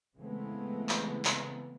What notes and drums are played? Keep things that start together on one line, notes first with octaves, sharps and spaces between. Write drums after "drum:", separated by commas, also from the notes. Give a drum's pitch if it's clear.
C#3 E3 G#3 A3 B3 C4
drum: clap
drum: clap